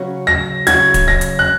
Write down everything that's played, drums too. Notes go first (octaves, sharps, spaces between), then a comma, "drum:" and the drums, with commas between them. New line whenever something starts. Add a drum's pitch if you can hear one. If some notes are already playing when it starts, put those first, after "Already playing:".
Already playing: C#3 F#3 C#4 F#4
A#6
C#3 F#3 C#4 F#4 G#6, drum: hi-hat
drum: kick D1, hi-hat
A#6
drum: hi-hat
F#6